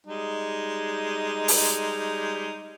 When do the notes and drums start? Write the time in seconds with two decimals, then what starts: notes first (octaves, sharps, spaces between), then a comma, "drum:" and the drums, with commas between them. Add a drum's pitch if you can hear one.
0.07 G3 G#3 D#4
1.48 drum: open hi-hat